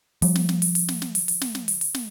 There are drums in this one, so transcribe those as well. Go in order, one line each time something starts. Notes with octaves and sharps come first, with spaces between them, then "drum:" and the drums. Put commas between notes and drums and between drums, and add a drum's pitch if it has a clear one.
F3 G3, drum: open hi-hat
drum: snare
drum: snare
drum: open hi-hat
drum: open hi-hat
drum: snare
drum: snare
drum: open hi-hat
drum: open hi-hat
drum: snare
drum: snare
drum: open hi-hat
drum: open hi-hat
drum: snare